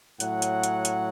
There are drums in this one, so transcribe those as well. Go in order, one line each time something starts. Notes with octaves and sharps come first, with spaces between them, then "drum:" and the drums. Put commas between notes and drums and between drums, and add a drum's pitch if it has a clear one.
A2 F#3 F#5, drum: hi-hat
drum: hi-hat
drum: hi-hat
drum: hi-hat